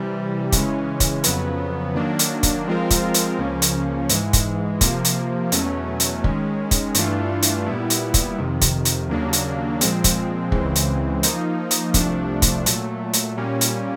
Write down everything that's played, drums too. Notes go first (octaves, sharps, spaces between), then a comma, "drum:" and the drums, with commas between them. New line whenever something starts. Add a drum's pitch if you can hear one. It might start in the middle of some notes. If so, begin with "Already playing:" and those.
Already playing: C3 E3 G3
C#3 E3 G#3 C#4, drum: kick, hi-hat
drum: kick, hi-hat
F2 C#3 F#3 B3, drum: hi-hat
D#3 F#3 A#3 D4
drum: hi-hat
drum: kick, hi-hat
F3 G#3 C4 F4 A#4
drum: kick, hi-hat
drum: hi-hat
C#2 C#3 F3 A#3 C#4
drum: hi-hat
G#2 E3 G#3, drum: hi-hat
drum: kick, hi-hat
C3 F3 A#3, drum: kick, hi-hat
drum: hi-hat
E2 B2 F#3 A3 C#4, drum: hi-hat
drum: hi-hat
D#3 G#3 C#4, drum: kick
drum: kick, hi-hat
G2 E3 A3 D4 F4, drum: hi-hat
drum: hi-hat
A#2 G3 B3 E4
drum: hi-hat
drum: kick, hi-hat
F2 C3 D#3
drum: kick, hi-hat
drum: hi-hat
D#2 C#3 F#3 A#3 D4
drum: hi-hat
A#2 F3 G#3 C4, drum: hi-hat
drum: kick, hi-hat
C#2 C#3 E3 G#3 C4, drum: kick
drum: hi-hat
F3 A#3 D#4, drum: hi-hat
drum: hi-hat
C2 C3 F3 A3 D4, drum: kick, hi-hat
drum: kick, hi-hat
A#2 F#3 A3, drum: hi-hat
drum: hi-hat
A#2 G3 A#3 C#4
drum: hi-hat